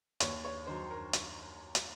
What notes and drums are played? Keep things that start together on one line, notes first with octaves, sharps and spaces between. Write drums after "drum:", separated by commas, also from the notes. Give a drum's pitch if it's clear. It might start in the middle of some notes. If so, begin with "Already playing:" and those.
D#2 C#5, drum: hi-hat
C#5
D#3 F#3 C5
A#4
drum: hi-hat
drum: hi-hat